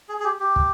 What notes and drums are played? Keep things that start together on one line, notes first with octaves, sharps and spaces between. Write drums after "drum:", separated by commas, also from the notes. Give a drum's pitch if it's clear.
G#4
G#4
G4
G4
drum: kick